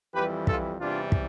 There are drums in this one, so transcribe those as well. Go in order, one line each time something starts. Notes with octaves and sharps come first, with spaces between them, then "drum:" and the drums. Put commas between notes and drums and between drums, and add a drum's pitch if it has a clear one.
F2 E3 G3 G4 B4
F4 A4, drum: kick
E2 C3 E3 G3 D4 F4
drum: kick